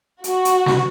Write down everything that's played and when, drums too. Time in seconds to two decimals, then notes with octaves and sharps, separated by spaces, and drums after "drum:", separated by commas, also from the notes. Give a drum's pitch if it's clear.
0.24 F#4, drum: hi-hat
0.45 drum: hi-hat
0.66 drum: snare